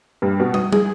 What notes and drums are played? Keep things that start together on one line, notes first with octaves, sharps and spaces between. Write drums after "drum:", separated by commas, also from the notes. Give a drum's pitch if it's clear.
G2
B2
D#6, drum: tom
G#4, drum: tom